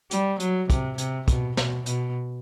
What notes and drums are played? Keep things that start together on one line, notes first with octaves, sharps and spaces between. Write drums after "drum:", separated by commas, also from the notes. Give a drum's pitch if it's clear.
G3, drum: hi-hat
F#3, drum: hi-hat
C3, drum: kick, hi-hat
C3, drum: hi-hat
B2, drum: kick, hi-hat
B2, drum: snare
B2, drum: hi-hat